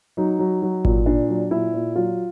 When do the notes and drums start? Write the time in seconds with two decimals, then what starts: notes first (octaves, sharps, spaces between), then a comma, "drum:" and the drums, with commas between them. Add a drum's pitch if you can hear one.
0.17 F#3 D#4
0.39 F#3
0.62 F#3
0.85 A#2, drum: kick G#1
1.06 A#2 D4
1.29 F#3
1.51 A#2 E4
1.74 A#2
1.96 F#3 F4